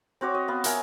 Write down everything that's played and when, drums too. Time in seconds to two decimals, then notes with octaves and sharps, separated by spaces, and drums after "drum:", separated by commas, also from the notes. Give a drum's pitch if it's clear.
0.21 C4 F#4 C#5 D6
0.35 D#5
0.48 B3 F5
0.64 A#4 E5 G#5, drum: hi-hat